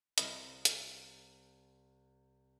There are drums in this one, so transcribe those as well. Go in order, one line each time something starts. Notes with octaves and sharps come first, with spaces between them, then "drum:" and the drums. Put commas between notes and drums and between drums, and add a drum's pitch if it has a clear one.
C2 C4 E4 D#5 C6 F6 A#6, drum: hi-hat
drum: hi-hat